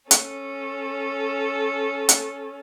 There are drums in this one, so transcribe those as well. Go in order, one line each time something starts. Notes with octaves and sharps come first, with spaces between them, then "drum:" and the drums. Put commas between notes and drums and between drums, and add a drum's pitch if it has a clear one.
C#4 A4, drum: hi-hat
drum: hi-hat